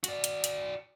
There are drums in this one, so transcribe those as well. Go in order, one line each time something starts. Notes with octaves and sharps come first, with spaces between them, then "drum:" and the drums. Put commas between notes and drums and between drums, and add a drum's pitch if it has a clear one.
F#4 D5, drum: hi-hat
drum: hi-hat
drum: hi-hat